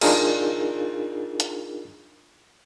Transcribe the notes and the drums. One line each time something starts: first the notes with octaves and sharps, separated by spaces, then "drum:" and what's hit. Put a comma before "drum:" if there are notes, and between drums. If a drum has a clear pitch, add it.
D4 D#4 F4 G#4 A#4, drum: cymbal
drum: hi-hat